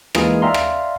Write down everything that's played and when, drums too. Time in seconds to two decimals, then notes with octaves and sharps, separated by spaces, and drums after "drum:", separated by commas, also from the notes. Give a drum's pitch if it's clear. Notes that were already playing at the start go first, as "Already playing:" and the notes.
0.15 E3 G#3 A#3 D#4 F4 G#4, drum: rim click
0.42 D5 E5 F5 G5 A#5 C6
0.54 drum: rim click